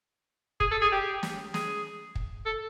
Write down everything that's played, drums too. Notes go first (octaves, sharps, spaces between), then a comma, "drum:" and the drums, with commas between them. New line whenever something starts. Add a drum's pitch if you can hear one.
G#4, drum: kick
A4
G#4
G4
drum: snare
G#4, drum: snare
drum: kick
A4